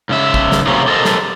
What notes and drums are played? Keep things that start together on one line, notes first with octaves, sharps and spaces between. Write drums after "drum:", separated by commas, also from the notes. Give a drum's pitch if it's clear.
G#2 C#3 E5
drum: kick
drum: snare
C3 F#3 A#3 C#4
G4 A4 A#4 C5 D#5 A5
drum: snare